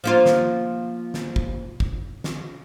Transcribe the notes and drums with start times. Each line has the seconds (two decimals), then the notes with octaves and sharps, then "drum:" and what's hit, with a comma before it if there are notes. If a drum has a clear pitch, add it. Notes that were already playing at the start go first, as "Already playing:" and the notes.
0.04 F3 A#3 F4
0.26 drum: snare
1.14 drum: snare
1.36 drum: kick
1.80 drum: kick
2.24 drum: snare